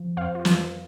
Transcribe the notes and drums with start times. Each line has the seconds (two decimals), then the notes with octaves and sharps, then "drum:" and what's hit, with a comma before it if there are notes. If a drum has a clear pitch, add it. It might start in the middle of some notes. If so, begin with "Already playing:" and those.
Already playing: F3
0.17 F2 C5 F5
0.35 F4
0.45 drum: snare